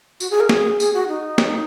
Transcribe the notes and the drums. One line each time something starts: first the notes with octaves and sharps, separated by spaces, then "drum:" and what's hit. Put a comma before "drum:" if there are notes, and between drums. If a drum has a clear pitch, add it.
F#4, drum: tambourine
G#4
A#4
G#4, drum: snare
G#4, drum: tambourine
F#4
D#4
drum: snare